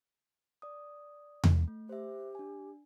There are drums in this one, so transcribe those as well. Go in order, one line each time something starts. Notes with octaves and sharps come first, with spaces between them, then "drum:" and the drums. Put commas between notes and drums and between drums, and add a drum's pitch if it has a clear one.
D5 D#6
drum: tom E2
A3
G4 C5 E5
D4 G#5